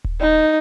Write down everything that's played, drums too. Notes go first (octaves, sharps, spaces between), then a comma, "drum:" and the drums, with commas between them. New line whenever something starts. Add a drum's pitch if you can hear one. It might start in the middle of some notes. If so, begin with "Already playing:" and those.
drum: kick D#1
D#4